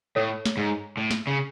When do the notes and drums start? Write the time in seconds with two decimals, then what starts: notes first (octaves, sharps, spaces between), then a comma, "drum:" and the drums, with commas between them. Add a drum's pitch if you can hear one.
0.16 A2 A4 C#5
0.45 drum: snare
0.57 G#2
0.97 A2
1.11 drum: snare
1.27 C#3